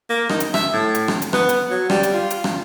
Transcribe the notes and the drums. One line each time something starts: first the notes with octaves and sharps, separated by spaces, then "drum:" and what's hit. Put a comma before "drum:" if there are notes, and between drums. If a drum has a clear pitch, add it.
A#3
D#4, drum: rim click
drum: hi-hat
E5, drum: rim click
A2
drum: hi-hat
drum: rim click
drum: hi-hat
B3, drum: rim click
drum: hi-hat
F#3
G3, drum: rim click
drum: hi-hat
F4
drum: hi-hat
drum: rim click